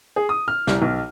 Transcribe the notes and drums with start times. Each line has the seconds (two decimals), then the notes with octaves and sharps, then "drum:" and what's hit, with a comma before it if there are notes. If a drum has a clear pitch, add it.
0.16 G#4
0.29 D#6
0.48 F6
0.67 C2, drum: snare
0.82 B1